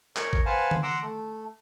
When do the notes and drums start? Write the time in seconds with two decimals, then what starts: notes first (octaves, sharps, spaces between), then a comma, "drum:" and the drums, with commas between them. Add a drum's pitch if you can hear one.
0.16 A#4 C#5, drum: clap
0.33 drum: kick G#1
0.46 B4 C5 F5 F#5 G#5 A5
0.71 drum: tom D3
0.83 F#5 A#5 C6 D6 E6
1.02 A3